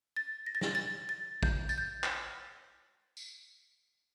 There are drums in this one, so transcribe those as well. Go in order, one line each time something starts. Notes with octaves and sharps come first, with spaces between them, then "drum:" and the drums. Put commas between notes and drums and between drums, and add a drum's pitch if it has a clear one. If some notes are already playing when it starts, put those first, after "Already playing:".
A6
A#6
A6
A#6, drum: snare
A6
A6
G6, drum: kick
A6, drum: tambourine
G6
drum: clap
drum: tambourine